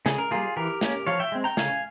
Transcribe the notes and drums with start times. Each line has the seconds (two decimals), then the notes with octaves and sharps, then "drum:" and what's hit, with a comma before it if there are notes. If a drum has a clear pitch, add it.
0.06 C#3 G#4, drum: snare
0.18 A#4
0.31 G3 A#3 F4 G#4
0.57 E3 G4 A#4
0.81 A#3 C#4, drum: snare
1.07 F3 C#5 F5
1.19 E5 G5
1.32 G#3 C4
1.44 G5 A#5
1.57 C#3 F5 G#5, drum: snare